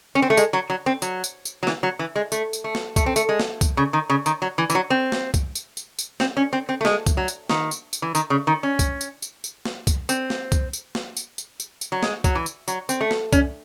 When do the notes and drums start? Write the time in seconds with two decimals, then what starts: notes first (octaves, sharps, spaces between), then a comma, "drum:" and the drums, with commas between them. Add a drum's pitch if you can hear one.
0.15 C#4
0.22 C4
0.30 A3
0.37 G#3, drum: tambourine
0.53 F#3
0.70 F#3
0.86 C4
1.02 F#3, drum: tambourine
1.24 drum: tambourine
1.45 drum: tambourine
1.63 F#3
1.67 E3, drum: snare
1.83 F#3
1.99 E3
2.16 G#3
2.32 A3, drum: tambourine
2.53 drum: tambourine
2.64 A3
2.75 drum: snare
2.96 A3, drum: kick C2, tambourine
3.06 C4
3.16 A3, drum: tambourine
3.29 G#3
3.40 drum: snare
3.61 drum: kick C2, tambourine
3.77 C#3
3.93 D#3
4.10 C#3
4.26 D#3, drum: tambourine
4.42 F#3
4.58 E3
4.70 E3, drum: tambourine
4.75 F#3
4.90 C4
5.12 drum: snare
5.34 drum: kick C2, tambourine
5.55 drum: tambourine
5.77 drum: tambourine
5.99 drum: tambourine
6.20 C4, drum: snare
6.37 C#4
6.53 C4
6.69 C4
6.81 A3
6.85 G#3, drum: snare
7.06 drum: kick C2, tambourine
7.17 F#3
7.28 drum: tambourine
7.50 D#3, drum: snare
7.71 drum: tambourine
7.93 drum: tambourine
8.02 E3
8.15 D#3, drum: tambourine
8.30 C#3
8.47 D#3
8.63 C#4
8.79 drum: kick C2, tambourine
9.01 drum: tambourine
9.22 drum: tambourine
9.44 drum: tambourine
9.65 drum: snare
9.87 drum: kick C2, tambourine
10.09 C4, drum: tambourine
10.30 drum: snare
10.52 drum: kick C2, tambourine
10.73 drum: tambourine
10.95 drum: snare
11.17 drum: tambourine
11.38 drum: tambourine
11.60 drum: tambourine
11.81 drum: tambourine
11.92 F#3
12.03 G#3, drum: snare
12.24 F#3, drum: kick C2, tambourine
12.35 E3
12.46 drum: tambourine
12.68 F#3, drum: tambourine
12.89 C4, drum: tambourine
13.01 A3
13.11 drum: snare
13.33 C#4, drum: kick C2, tambourine